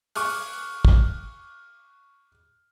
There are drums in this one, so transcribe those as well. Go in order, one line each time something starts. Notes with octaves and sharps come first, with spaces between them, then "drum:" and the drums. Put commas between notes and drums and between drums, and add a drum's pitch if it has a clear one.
C#6 D6 F6 F#6, drum: open hi-hat
drum: kick